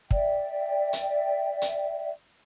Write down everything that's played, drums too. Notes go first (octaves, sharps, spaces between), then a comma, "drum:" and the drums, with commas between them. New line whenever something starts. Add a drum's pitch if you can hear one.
D5 E5 G5, drum: kick
drum: hi-hat
drum: hi-hat